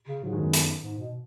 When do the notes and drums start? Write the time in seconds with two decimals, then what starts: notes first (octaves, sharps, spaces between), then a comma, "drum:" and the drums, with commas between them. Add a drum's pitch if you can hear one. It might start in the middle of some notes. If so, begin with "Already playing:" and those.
0.08 C#3
0.23 G#2 F#3
0.33 D#3 G#3
0.38 F#2 B3 D#4
0.53 drum: hi-hat
0.83 G#2
0.98 B2